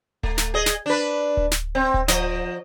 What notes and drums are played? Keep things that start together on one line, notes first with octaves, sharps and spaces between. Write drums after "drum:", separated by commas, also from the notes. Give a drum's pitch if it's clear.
A3, drum: kick D1
drum: snare
G#4 D#5
drum: snare
D4 B4
drum: kick D1
drum: snare
C4
drum: kick D1
F3 D#5, drum: snare